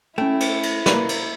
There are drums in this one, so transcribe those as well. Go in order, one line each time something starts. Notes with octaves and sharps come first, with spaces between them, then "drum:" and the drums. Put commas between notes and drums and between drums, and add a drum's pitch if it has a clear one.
A3 C#4 E4 G5
drum: cymbal
drum: cymbal
A#3 B4, drum: snare
drum: cymbal